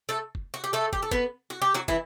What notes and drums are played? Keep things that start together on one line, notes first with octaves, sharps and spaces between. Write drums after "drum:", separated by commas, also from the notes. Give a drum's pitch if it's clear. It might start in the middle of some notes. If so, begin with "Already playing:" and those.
A3 A4
drum: kick
F#4
G4
A3 A4
G4, drum: kick
A4
B3 B4, drum: kick
F#4
G4
F#3 F#4
E3 E4, drum: kick